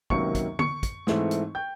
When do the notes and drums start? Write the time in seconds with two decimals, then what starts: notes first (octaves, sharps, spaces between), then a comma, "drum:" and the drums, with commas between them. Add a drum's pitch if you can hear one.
0.10 C#2 C3 D#3 F#3 A#3 C#6 C#7, drum: kick
0.35 drum: kick, hi-hat
0.59 C#6 C#7, drum: tom D3
0.83 drum: kick, hi-hat
1.07 G#2 E3 A3 C4, drum: snare
1.31 drum: hi-hat
1.55 G5 G6